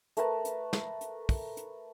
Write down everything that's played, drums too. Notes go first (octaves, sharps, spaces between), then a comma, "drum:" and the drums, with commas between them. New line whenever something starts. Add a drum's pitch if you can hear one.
A3 A#4 B4 A5, drum: hi-hat
drum: hi-hat
drum: snare
drum: hi-hat
drum: kick, open hi-hat
drum: hi-hat